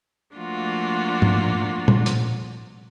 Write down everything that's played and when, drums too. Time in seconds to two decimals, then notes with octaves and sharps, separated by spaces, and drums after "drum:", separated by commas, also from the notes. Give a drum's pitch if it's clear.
0.34 F3 A3 A#3 D4 F4 F#4
1.22 drum: tom
1.88 drum: tom
2.06 drum: hi-hat